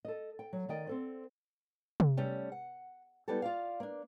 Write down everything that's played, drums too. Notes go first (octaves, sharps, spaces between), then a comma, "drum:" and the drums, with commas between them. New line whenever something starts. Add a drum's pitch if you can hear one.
A4 D#5
G5
F#3
D#3 D5 D#5 G5
C4 A4 C5
drum: tom C3
G3 A3 C#4
F#5
G3 B3 E4 G4 A4
F4 D5 F5
A#3 D4